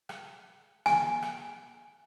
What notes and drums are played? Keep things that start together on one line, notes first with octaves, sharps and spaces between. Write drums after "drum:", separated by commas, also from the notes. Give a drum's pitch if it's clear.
drum: rim click
G#5, drum: snare
drum: rim click